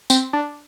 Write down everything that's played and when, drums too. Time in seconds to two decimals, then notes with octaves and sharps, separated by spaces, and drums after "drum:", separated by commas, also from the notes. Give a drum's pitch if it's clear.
0.10 C4, drum: tambourine
0.33 D4